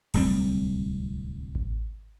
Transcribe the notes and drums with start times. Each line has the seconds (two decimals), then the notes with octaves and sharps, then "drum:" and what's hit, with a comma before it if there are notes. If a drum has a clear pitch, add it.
0.14 D1 C2 G3 C4, drum: cymbal
1.55 drum: kick G#1